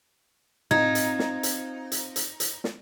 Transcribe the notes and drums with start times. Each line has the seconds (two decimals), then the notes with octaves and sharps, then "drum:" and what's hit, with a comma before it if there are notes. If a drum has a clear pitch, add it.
0.71 C4 D#4 F4 G#6, drum: tom A2
0.95 drum: hi-hat
1.19 drum: snare
1.43 drum: hi-hat
1.92 drum: hi-hat
2.16 drum: hi-hat
2.40 drum: hi-hat
2.64 drum: snare